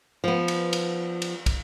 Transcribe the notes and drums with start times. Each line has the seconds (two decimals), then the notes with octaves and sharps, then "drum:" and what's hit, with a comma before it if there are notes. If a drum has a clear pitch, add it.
0.24 F3 B3
0.48 drum: cymbal
0.73 drum: cymbal
1.22 drum: cymbal
1.46 drum: kick, cymbal